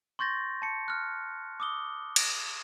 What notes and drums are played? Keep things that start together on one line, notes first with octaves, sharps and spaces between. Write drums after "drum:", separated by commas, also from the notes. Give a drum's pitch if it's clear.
C6 C#6 G6 A6 A#6
A5 C#7
F6 F#6
D6 D#6 G7
drum: cymbal